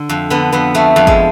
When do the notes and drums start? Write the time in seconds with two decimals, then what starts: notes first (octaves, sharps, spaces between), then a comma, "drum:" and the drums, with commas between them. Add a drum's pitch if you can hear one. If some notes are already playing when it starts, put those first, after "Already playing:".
Already playing: D3
0.09 F2
0.30 D3 B3
0.52 F2 B3
0.75 F2 A3
0.96 F2
1.07 G#3, drum: kick